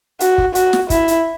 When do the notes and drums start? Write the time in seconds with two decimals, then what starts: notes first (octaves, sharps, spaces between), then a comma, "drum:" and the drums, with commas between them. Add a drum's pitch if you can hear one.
0.20 F#4, drum: hi-hat
0.38 drum: kick
0.55 F#4, drum: hi-hat
0.73 drum: snare
0.90 E4, drum: kick, hi-hat
1.08 drum: hi-hat